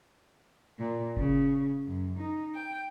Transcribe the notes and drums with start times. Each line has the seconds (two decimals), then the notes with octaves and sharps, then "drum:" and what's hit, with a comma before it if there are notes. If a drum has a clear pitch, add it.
0.79 A#2
1.17 C#3, drum: kick G1
1.87 F#2
2.17 D#4
2.55 G5